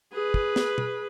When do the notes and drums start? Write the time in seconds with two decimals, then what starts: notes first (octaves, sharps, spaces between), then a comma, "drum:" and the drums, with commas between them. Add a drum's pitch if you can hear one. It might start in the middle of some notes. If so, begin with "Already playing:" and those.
0.12 G#4 B4
0.34 drum: kick
0.56 drum: snare
0.78 drum: tom